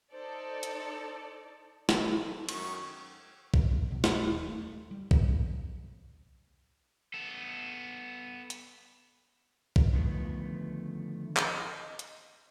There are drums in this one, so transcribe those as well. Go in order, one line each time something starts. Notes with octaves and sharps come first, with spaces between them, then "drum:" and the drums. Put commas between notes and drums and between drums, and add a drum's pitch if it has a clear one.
D#4 A4 C5 D5
drum: hi-hat
F2, drum: snare
F#2 D#3 C#6, drum: cymbal
drum: kick
B2
G#3, drum: snare
D#1
A3
G3
A#1, drum: kick
B3 A4
drum: hi-hat
drum: kick
D3 D#3 F3 A3 B3 B4
D#5, drum: clap
drum: hi-hat